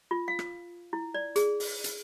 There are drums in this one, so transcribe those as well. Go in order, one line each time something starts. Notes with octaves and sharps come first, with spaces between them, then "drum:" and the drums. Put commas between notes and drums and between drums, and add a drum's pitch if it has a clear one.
F4
F5
drum: rim click
E4
D5
G#4, drum: hi-hat
drum: open hi-hat
drum: hi-hat